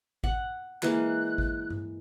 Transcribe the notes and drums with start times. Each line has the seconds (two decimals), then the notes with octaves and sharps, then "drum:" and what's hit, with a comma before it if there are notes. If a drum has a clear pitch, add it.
0.24 F#5, drum: kick
0.83 E3 G#3 A#3 F#6, drum: clap
1.38 drum: kick
1.70 drum: tom G2